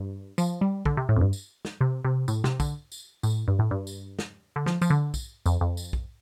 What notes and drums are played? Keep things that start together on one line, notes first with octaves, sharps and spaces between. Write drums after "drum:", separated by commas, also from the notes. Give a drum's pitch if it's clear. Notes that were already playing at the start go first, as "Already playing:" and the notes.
Already playing: G2
F3, drum: tambourine
G3
D3, drum: kick
C3
A2
F2
G2
drum: tambourine
drum: snare
C3
C3
A2, drum: tambourine
C3, drum: snare
D3, drum: kick, tambourine
drum: tambourine
A2, drum: tambourine
G2
A2
G2
drum: tambourine
drum: snare
D3
F3, drum: snare
F3, drum: tambourine
D3
drum: kick, tambourine
F2, drum: tambourine
F2
drum: tambourine
drum: kick